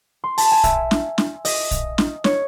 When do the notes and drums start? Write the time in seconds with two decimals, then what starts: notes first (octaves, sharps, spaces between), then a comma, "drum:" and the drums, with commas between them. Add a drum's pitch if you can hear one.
0.24 C6
0.38 A5, drum: open hi-hat
0.51 G#5
0.64 E5, drum: kick A#1, hi-hat
0.91 drum: snare
1.18 drum: snare
1.45 D#5, drum: open hi-hat
1.71 drum: kick A#1, hi-hat
1.98 drum: snare
2.24 C#5, drum: snare